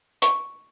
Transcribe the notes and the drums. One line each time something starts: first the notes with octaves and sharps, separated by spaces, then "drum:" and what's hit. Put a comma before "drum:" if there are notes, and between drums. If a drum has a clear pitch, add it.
C#6, drum: hi-hat